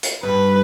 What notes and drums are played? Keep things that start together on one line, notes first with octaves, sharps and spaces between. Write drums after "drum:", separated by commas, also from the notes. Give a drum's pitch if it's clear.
drum: hi-hat
G2 B4